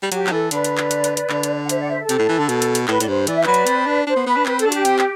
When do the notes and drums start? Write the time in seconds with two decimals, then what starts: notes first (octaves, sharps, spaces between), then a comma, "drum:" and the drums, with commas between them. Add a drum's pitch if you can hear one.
0.03 G3
0.12 F#3 G4, drum: hi-hat
0.27 F#3, drum: clap
0.31 E3 A4
0.51 D3 B4 D5, drum: hi-hat
0.64 drum: hi-hat
0.78 drum: clap
0.91 drum: hi-hat
1.04 drum: hi-hat
1.17 drum: hi-hat
1.30 D3, drum: clap
1.43 drum: hi-hat
1.63 F#5
1.69 C5 E5, drum: hi-hat
1.79 D5 F#5
1.89 C5 E5
2.00 A4
2.09 C3, drum: hi-hat
2.19 A2
2.29 E3
2.39 D3
2.49 B2, drum: hi-hat
2.62 drum: hi-hat
2.75 drum: hi-hat
2.88 A2 B4, drum: clap
3.00 A2 D5, drum: hi-hat
3.08 G2 C5
3.27 E3 D5, drum: hi-hat
3.36 E5
3.44 F#3 B4 D5, drum: clap
3.54 drum: hi-hat
3.67 C4, drum: hi-hat
3.86 D4
4.07 D4 C5
4.16 B3
4.26 B3 B4
4.36 D4
4.46 C4 B4, drum: clap
4.59 A4, drum: hi-hat
4.66 D4 F#4
4.72 G4, drum: hi-hat
4.85 C4, drum: hi-hat
4.99 drum: clap